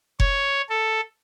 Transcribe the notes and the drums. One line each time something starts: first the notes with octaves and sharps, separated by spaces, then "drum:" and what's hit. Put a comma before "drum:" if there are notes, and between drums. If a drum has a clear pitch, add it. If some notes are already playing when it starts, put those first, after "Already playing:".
C#5, drum: kick F1
A4